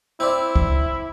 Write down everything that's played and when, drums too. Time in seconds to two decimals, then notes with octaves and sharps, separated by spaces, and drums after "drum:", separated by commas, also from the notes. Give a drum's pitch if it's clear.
0.20 C4 E4 D5
0.56 drum: kick